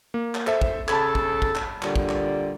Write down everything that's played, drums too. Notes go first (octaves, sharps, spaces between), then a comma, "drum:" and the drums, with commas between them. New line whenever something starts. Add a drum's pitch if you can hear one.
A#3
drum: clap
A4 C5 E5, drum: clap
drum: kick
C#3 A4 A5 B5 G#6, drum: clap
drum: kick
drum: kick
drum: clap
A#2 D3 G3, drum: clap
drum: kick
drum: clap